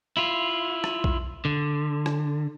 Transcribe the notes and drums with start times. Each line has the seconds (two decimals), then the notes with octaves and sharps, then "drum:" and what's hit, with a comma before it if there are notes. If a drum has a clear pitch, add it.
0.17 E4 F4
0.84 drum: rim click
1.04 drum: kick B1
1.45 D3
2.06 drum: rim click